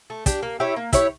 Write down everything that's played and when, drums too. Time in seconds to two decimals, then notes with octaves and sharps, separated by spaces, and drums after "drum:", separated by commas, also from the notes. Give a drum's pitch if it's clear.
0.10 A3
0.26 D4 G4, drum: kick, hi-hat
0.43 A#3
0.60 E4 G4 C#5
0.76 A#3
0.93 E4 G4 C#5, drum: kick, hi-hat